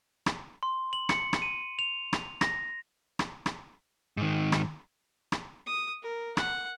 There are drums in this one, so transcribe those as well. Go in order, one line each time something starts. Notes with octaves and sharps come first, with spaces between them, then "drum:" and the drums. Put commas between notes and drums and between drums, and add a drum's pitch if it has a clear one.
drum: rim click
C6
F#7
C#7, drum: rim click
drum: rim click
D#7
F7
drum: rim click
A#6, drum: rim click
drum: rim click
drum: rim click
G#2 D#3
drum: rim click
drum: rim click
D#6
A#4
F#5, drum: rim click